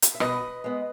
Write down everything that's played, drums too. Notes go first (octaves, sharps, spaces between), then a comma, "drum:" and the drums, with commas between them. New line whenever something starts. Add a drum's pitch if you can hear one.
drum: hi-hat
E5
B2 B4 D#5, drum: rim click
G#3 B3